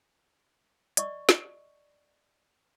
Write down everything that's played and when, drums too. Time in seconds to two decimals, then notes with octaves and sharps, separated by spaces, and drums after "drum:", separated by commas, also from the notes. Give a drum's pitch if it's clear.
0.97 D5 D#5 C#6, drum: hi-hat
1.29 drum: snare